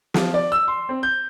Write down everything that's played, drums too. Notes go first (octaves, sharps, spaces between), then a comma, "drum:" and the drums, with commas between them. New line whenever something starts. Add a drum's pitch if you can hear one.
F3, drum: snare
D5
E6
C6
C4
G6